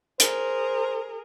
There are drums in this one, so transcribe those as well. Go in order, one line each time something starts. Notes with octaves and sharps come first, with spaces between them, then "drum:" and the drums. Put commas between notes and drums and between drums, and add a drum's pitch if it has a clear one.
G#4 A#4 C5, drum: hi-hat